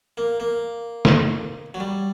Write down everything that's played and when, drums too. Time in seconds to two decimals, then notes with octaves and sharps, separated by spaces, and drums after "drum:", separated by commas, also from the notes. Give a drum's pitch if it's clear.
0.17 A#3
0.40 A#3
1.05 drum: snare
1.74 F#3
1.80 G3